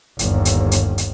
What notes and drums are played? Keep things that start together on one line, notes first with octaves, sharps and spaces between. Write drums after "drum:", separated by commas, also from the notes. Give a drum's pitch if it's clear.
G1 D#2, drum: hi-hat
drum: hi-hat
drum: hi-hat
drum: hi-hat